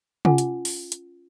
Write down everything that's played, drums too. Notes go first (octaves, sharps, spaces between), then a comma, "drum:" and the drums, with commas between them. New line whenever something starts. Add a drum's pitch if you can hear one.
C#4 F4 F#5 G#5, drum: tom C3
drum: hi-hat
drum: open hi-hat
drum: hi-hat